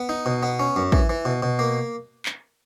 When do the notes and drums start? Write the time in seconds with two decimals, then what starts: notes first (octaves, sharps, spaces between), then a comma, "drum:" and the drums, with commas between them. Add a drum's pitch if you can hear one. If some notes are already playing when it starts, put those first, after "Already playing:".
Already playing: B3
0.09 D#4
0.26 B2
0.43 B3
0.60 C#4
0.76 F#2
0.92 E3, drum: kick
1.09 E3
1.25 B2
1.43 B2
1.59 A#3
2.26 drum: clap